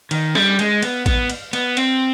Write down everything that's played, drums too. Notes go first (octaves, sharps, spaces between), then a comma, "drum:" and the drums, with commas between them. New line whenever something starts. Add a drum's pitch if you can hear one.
D#3, drum: cymbal
G3, drum: snare
G#3, drum: cymbal
B3, drum: cymbal
B3, drum: kick A1, cymbal
drum: cymbal
B3, drum: cymbal
C4, drum: cymbal